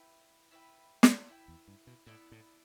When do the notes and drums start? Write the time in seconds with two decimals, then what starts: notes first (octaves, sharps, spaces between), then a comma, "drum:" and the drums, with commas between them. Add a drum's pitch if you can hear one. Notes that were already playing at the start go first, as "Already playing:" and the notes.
Already playing: E4 B4 G5
0.51 E4 B4 G5
1.03 drum: snare
1.29 E4 B4 G5
1.48 E2
1.68 G2
1.87 B2
2.06 A2 B3 E4 A4 D5
2.32 A2